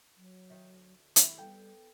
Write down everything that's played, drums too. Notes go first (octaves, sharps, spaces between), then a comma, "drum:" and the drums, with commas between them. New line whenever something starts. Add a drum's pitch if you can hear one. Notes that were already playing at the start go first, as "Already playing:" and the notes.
F#3
D#3 E5
D2
E4, drum: hi-hat
G3 B3 A4 G5